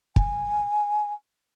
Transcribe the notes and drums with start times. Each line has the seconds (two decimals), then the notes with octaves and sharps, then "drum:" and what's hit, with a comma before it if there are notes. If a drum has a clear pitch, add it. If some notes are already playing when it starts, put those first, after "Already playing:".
0.16 G#5, drum: kick